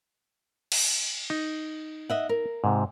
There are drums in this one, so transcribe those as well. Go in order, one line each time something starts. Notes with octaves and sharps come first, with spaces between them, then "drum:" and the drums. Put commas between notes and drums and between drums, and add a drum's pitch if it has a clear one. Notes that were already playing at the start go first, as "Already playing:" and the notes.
drum: cymbal
D#4
D#5 E5 F#5
A#4
G#2 C3